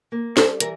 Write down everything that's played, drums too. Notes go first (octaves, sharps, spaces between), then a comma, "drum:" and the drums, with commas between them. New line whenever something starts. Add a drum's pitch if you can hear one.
A#3
G3 A4 C5, drum: snare
E3 A#4, drum: hi-hat